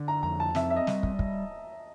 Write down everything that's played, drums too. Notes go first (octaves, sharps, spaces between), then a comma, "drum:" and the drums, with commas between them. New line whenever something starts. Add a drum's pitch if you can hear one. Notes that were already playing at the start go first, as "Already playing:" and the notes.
Already playing: D3
A#5
F2 A#5
A5
C4 E5, drum: snare
E5
D#5
G3, drum: snare
drum: kick
drum: kick